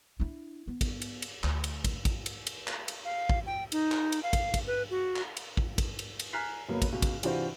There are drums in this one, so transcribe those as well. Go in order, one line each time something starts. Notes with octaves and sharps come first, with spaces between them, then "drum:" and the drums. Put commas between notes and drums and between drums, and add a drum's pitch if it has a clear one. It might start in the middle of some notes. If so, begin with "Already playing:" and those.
D4 E4
B3
drum: kick, cymbal
drum: cymbal
drum: cymbal
D2, drum: clap
drum: cymbal
drum: kick, cymbal
drum: kick, cymbal
drum: cymbal
drum: cymbal
drum: clap
drum: cymbal
F5
drum: kick
G5
D#4, drum: cymbal
drum: clap
drum: cymbal
F5
drum: kick, cymbal
drum: kick, cymbal
B4
F#4
drum: clap
drum: cymbal
drum: kick
drum: kick, cymbal
drum: cymbal
drum: cymbal
G#5 A#5 F6 F#6 B6 C7
F#1 F#3 A#3 B3
drum: kick, cymbal
C#2 B2
drum: kick, cymbal
C3 E3 D4 F4 F#4 C5, drum: cymbal